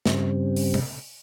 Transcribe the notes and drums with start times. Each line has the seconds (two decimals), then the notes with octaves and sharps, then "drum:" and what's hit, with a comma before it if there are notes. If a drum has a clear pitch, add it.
0.06 G2 C#3 G3 C4, drum: snare
0.56 drum: open hi-hat
0.74 drum: tom